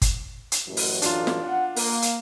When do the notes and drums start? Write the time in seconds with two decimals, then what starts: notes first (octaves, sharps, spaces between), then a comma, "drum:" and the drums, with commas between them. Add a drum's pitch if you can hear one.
0.02 drum: kick G1, hi-hat
0.52 drum: hi-hat
0.67 A1 F#2
0.77 drum: open hi-hat
1.02 D4 F4, drum: hi-hat
1.27 drum: snare
1.44 F#5
1.76 A#3, drum: open hi-hat
2.02 drum: hi-hat